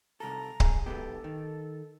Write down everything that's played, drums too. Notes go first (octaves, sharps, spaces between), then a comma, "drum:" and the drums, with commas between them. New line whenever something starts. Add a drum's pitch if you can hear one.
C2 A4 A#5
G#4, drum: kick C#1
B1 B3 G4 A4
D#3